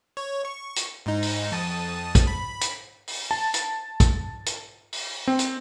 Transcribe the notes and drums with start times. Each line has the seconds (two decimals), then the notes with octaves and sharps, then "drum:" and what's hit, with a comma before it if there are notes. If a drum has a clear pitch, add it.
0.17 C#5
0.45 C#6
0.76 drum: hi-hat
1.06 G#2 D#4
1.23 drum: open hi-hat
1.52 F2 A5 D#6
2.15 drum: kick, hi-hat
2.27 B5
2.61 drum: hi-hat
3.08 drum: open hi-hat
3.31 A5
3.54 drum: hi-hat
4.00 drum: kick, hi-hat
4.46 drum: hi-hat
4.93 drum: open hi-hat
5.27 C4
5.39 drum: hi-hat